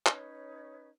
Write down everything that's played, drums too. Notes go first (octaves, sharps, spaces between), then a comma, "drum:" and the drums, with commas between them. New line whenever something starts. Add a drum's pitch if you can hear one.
C#4 D#4 B4 C#5, drum: clap